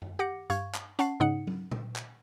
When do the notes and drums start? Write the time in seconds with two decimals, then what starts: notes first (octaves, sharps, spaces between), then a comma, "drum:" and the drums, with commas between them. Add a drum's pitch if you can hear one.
0.02 drum: tom F#2
0.19 G4 F#5 D6 A#6 C#7
0.50 G2 F5 C#6 G#6, drum: hi-hat
0.75 drum: clap
0.99 C#4 F#5 A5 C7, drum: hi-hat
1.20 G#2 C#3 D#4 F#5 C#7
1.47 drum: tom F#3
1.71 drum: tom
1.96 drum: clap